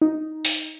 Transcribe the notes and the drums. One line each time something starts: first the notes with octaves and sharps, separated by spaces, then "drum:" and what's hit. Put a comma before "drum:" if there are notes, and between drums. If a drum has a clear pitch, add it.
D#4
drum: open hi-hat